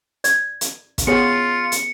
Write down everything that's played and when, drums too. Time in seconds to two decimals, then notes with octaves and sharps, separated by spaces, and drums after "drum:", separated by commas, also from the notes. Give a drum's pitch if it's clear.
0.24 D5, drum: hi-hat
0.61 drum: hi-hat
0.98 drum: kick, hi-hat
1.07 B3 F4 G#4 C#5 C#7
1.72 drum: hi-hat